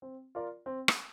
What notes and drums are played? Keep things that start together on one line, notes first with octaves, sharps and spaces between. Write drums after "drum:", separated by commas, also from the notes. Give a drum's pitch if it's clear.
C4
F4 A#4 D5
C4
drum: rim click